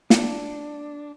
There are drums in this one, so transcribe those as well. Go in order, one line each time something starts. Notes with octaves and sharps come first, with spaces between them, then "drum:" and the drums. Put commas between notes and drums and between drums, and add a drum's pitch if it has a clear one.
D4, drum: snare